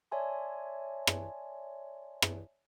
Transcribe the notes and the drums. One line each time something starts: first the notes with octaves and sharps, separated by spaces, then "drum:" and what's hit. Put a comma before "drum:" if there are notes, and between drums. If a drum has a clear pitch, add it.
C#5 D5 E5 G#5 A5 C6
drum: rim click
drum: rim click